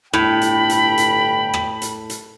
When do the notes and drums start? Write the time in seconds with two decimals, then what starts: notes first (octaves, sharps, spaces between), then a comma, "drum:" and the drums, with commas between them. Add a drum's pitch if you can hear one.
0.13 G1 A2 G5 B5, drum: rim click
0.41 drum: hi-hat
0.69 drum: hi-hat
0.98 drum: hi-hat
1.54 drum: rim click
1.82 drum: hi-hat
2.10 drum: hi-hat